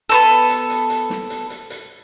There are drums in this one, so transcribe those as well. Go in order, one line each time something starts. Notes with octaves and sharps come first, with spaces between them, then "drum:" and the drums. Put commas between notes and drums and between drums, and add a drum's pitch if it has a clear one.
B3 C4 A4, drum: hi-hat
drum: hi-hat
drum: hi-hat
drum: hi-hat
drum: hi-hat
drum: snare
drum: hi-hat
drum: hi-hat
drum: hi-hat